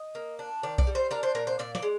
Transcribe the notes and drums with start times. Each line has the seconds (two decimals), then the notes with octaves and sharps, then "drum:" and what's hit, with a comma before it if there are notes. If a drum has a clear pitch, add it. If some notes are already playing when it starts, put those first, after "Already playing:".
Already playing: D#5
0.15 A#3
0.39 D4
0.63 D#3 D5
0.78 D5, drum: kick B1
0.87 G3
0.95 C5
1.11 D4 A#4
1.23 C5
1.35 A#2 A#4
1.47 C5
1.59 A#2 D5
1.75 D5, drum: snare
1.82 G#3